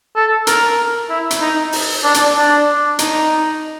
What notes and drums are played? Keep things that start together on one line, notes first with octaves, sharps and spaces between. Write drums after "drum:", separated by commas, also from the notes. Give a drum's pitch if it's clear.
A4
A#4, drum: hi-hat
E4
drum: hi-hat
D#4
drum: open hi-hat
D4
drum: hi-hat
D4
D#4, drum: hi-hat